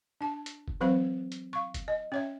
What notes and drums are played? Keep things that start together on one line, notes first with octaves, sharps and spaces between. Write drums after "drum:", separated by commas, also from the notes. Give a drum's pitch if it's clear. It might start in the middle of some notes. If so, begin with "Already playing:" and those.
D4 A5
drum: hi-hat
drum: kick F1
E3 F#3 C4 C5 F5 B5
drum: hi-hat
F5 C#6
drum: kick F1, hi-hat
D#5
C#4 C#5 E5